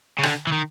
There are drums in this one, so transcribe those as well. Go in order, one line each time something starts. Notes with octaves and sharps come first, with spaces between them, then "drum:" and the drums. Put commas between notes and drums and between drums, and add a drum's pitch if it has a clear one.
C#3
D3, drum: rim click
E3
D#3